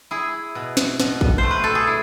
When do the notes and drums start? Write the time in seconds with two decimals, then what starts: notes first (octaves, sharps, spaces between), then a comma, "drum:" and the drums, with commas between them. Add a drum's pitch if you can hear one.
0.11 E4 G#4
0.55 B2
0.77 drum: snare
1.00 B2, drum: snare
1.21 drum: kick A1
1.38 A3 C5
1.51 B4
1.64 A4
1.75 G#4
1.87 E4